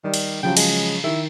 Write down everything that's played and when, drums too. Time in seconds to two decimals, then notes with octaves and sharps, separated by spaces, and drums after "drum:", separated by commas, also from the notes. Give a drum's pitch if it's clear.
0.04 D#3 G3
0.14 drum: cymbal
0.43 C#3 F3 F#3 G5
0.57 G#3, drum: cymbal
1.04 D#3 E4